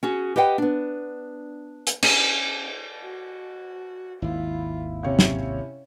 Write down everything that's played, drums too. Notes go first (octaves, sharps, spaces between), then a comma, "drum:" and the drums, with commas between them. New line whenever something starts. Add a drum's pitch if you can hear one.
C#4 F#4 G#4
G4 B4 D#5 F#5 G5
B3 D4
drum: hi-hat
C#4, drum: cymbal
F#4
G#1 D#2 E4 F4
C3 C#4 C#5 F5
drum: snare